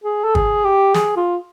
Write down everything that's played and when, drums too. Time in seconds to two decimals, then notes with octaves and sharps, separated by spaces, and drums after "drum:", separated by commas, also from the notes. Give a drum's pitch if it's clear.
0.04 G#4
0.24 A4
0.35 G#4, drum: kick
0.65 G4
0.94 G#4, drum: snare
1.17 F4